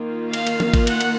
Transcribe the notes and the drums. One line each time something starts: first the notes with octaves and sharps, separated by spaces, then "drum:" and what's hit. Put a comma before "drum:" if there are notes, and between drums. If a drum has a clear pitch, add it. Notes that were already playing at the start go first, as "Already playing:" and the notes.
Already playing: D#3 A#3 F4
F5, drum: cymbal
drum: cymbal
drum: tom
drum: kick G#1, cymbal
F#5, drum: cymbal
drum: cymbal